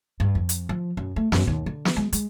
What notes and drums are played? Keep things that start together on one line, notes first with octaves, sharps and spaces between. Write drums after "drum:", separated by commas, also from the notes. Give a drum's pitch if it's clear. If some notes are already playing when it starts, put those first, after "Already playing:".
G2
F2
drum: hi-hat
F3
F#2
A3
F#2, drum: snare
D#2
D3
drum: snare
G#3
G#3, drum: hi-hat